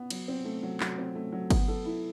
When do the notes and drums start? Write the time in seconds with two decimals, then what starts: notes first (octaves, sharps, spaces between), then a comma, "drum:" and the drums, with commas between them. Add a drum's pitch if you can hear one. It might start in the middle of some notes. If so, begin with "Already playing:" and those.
Already playing: B3
0.10 F#3, drum: cymbal
0.28 C4
0.45 A3
0.63 F#3
0.80 F#3, drum: clap
0.98 C4
1.15 A3
1.32 F#3
1.50 B3, drum: kick G1, cymbal
1.68 A4
1.85 E4